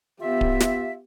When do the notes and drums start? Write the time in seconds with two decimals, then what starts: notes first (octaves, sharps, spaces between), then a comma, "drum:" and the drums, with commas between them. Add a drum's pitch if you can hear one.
0.21 B3 F4 G4 E5
0.41 drum: kick D1
0.60 drum: snare